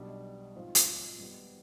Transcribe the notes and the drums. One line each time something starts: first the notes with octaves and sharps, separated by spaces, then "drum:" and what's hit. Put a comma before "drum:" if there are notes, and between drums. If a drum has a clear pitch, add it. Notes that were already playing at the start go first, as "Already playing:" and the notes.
Already playing: B1 B2 G3 D4
G#2 F3 C4 F4
drum: hi-hat
G#1 G#2 G3 B3